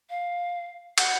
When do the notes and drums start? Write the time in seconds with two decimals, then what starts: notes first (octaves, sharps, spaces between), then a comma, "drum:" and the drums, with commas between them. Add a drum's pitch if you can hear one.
0.10 F5
0.98 F#5, drum: cymbal